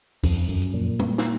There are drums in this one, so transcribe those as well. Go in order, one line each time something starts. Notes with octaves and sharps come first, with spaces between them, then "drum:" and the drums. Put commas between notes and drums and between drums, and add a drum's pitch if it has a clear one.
F2, drum: kick, open hi-hat
F#2
drum: hi-hat
A#2
drum: tom G3
drum: snare